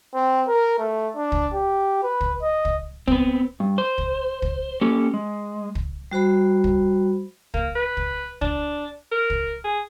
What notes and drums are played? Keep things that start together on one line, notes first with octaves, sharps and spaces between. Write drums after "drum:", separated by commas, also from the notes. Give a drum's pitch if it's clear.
C4
A#4
A3
D4
drum: kick
G4
B4
drum: kick
D#5
drum: kick
B3 C4, drum: kick
G2
C5
drum: kick
drum: kick
A#3 C#4 G4 A4
G#3
drum: kick
G3 F#4 C5 B5
drum: kick
A#3, drum: kick
B4
drum: kick
D4, drum: kick
A#4
drum: kick
G#4